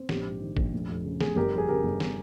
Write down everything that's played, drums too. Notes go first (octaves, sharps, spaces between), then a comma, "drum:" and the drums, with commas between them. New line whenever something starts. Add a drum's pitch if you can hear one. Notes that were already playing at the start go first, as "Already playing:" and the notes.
Already playing: C4
A#1 G4, drum: snare
G#2
D#3
A#1, drum: kick G#1
F1
F2
C#3
F1 G#4, drum: snare
G1 G4 A#4
F2 G#4
C#3 G4 A#4
G1
drum: snare